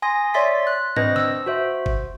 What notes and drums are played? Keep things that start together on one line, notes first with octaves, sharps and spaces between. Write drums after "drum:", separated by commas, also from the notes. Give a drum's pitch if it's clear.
G#5 C6 D#6 A#6
C#5 D5 E5 C6 A6 B6
F#6
C4 D4 B4 C5 D#5 A#6, drum: tom G#2
E6, drum: snare
F#4 C5 E5
drum: kick G1